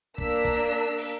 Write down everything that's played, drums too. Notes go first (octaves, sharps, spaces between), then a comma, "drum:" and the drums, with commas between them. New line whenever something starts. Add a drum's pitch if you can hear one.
A#3 D4 A#4 E6 B6, drum: kick
drum: kick, hi-hat
drum: open hi-hat